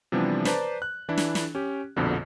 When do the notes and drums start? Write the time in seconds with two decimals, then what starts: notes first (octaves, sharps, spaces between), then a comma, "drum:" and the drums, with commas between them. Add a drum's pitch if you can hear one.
0.12 C3 E3 F3 G3 B3 D4
0.45 B4 C5 D5 A5 A#5, drum: snare
0.82 F#6
1.09 E3 D4 E4
1.18 drum: snare
1.35 drum: snare
1.55 C#4 G4
1.96 A#1 F2 B2 D3